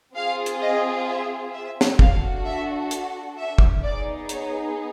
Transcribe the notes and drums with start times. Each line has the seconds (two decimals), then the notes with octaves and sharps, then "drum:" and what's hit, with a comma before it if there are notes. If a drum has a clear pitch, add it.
0.15 C4 F4 G#4 F5
0.46 drum: hi-hat
0.61 D#5
1.07 E5
1.53 E5
1.81 drum: snare
1.99 D4 F#4 A4 F5, drum: kick
2.45 E5
2.91 drum: hi-hat
3.37 E5
3.58 drum: kick
3.83 B3 D#4 G#4 D5
4.29 C#5, drum: hi-hat